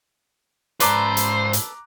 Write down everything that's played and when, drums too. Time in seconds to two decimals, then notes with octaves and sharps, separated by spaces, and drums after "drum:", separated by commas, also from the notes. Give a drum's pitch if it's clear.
0.80 G#2 A4 B4 C5 D5 A#5 D6 F#6, drum: hi-hat
1.17 drum: hi-hat
1.53 drum: hi-hat